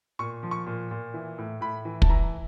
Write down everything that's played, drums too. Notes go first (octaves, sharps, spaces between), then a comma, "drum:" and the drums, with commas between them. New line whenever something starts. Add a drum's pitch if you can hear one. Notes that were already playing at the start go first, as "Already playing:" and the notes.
A#2 C#6
F3
C#6
A#2
A#2
E3
A2
A2 B5
E3
A5, drum: kick
E3 A#5